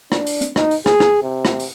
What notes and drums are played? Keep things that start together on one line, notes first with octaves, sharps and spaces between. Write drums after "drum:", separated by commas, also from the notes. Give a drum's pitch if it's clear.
D4, drum: rim click
drum: open hi-hat
drum: hi-hat
D#4, drum: rim click
drum: open hi-hat
G#4, drum: rim click
drum: rim click
C3
drum: rim click
drum: open hi-hat